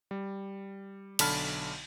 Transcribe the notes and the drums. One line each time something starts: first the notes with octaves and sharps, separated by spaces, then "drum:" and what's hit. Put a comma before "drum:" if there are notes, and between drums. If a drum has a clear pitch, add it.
G3
B1 D3 A5 B5 F6, drum: cymbal